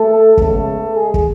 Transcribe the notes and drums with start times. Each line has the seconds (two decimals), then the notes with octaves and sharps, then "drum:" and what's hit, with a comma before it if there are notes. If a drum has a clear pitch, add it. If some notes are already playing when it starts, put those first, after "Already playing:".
Already playing: A3 A4
0.37 C#3 G#3 A3 B3 A4, drum: kick
0.95 G#3 G#4
1.14 drum: kick